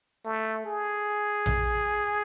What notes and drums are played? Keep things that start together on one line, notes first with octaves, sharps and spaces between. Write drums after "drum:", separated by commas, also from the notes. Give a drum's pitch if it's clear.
A3
G#4
drum: tom A#1